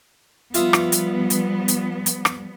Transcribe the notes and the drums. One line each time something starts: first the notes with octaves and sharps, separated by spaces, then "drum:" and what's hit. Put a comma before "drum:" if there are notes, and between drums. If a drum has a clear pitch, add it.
F3 G3 B3 F4 E5 D#6, drum: hi-hat
drum: rim click
drum: hi-hat
drum: hi-hat
drum: hi-hat
drum: hi-hat
drum: rim click